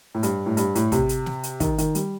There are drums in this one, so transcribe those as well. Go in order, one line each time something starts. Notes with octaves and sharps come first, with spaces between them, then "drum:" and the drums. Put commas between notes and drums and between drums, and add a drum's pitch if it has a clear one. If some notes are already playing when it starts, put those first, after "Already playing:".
A2
G2, drum: hi-hat
A2
G2, drum: hi-hat
A2, drum: hi-hat
C3, drum: kick, hi-hat
drum: hi-hat
drum: snare
drum: hi-hat
D#3, drum: kick, hi-hat
D#3, drum: hi-hat
G3, drum: hi-hat